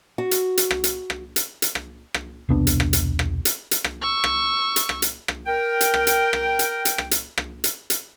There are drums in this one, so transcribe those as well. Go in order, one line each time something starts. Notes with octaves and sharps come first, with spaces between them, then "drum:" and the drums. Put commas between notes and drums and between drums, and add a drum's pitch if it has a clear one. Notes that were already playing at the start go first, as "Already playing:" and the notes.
F#4
drum: hi-hat
drum: hi-hat
drum: rim click
drum: hi-hat
drum: rim click
drum: hi-hat
drum: hi-hat
drum: rim click
drum: rim click
E1 C2 B3 D4
drum: hi-hat
drum: rim click
drum: hi-hat
drum: rim click
drum: hi-hat
drum: hi-hat
drum: rim click
C#6 E6
drum: rim click
drum: hi-hat
drum: rim click
drum: hi-hat
drum: rim click
A#4 G5
drum: hi-hat
drum: rim click
drum: hi-hat
drum: rim click
drum: hi-hat
drum: hi-hat
drum: rim click
drum: hi-hat
drum: rim click
drum: hi-hat
drum: hi-hat